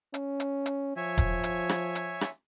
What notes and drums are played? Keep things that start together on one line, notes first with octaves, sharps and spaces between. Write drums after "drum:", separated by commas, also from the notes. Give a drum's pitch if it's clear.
C#4, drum: hi-hat
drum: hi-hat
drum: hi-hat
F3 C#5 E5 G#5
drum: kick E1, hi-hat
drum: hi-hat
drum: rim click
drum: hi-hat
drum: rim click